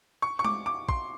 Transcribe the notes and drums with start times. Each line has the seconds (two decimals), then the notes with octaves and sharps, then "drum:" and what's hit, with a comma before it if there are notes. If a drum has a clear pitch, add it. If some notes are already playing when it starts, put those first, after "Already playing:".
0.22 C#6
0.39 C#6
0.45 D6, drum: tom G#3
0.66 D6
0.89 C6, drum: kick